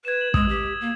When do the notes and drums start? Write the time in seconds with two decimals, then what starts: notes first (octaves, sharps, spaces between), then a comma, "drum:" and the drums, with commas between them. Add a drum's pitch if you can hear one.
0.05 B4 G#6 E7
0.21 F#7
0.34 G#3 D#6 E6, drum: kick
0.49 G4
0.81 A#3